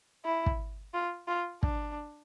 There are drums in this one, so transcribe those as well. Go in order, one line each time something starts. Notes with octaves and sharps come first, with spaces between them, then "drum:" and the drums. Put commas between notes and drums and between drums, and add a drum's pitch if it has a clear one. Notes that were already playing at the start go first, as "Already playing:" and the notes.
E4
drum: kick
F4
F4
D4, drum: kick